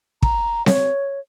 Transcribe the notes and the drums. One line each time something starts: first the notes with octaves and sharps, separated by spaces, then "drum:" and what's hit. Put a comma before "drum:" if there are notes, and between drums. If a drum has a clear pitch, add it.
A#5, drum: kick
C#5, drum: snare C4